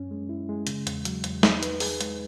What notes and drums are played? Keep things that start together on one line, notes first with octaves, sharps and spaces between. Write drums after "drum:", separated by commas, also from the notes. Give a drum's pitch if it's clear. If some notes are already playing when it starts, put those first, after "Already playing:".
Already playing: F#2 C#4
G#3
E4
G#3
C#3, drum: hi-hat
E2, drum: hi-hat
F#3, drum: hi-hat
E2, drum: hi-hat
D#4, drum: snare
B4, drum: hi-hat
G#4, drum: open hi-hat
G#3, drum: hi-hat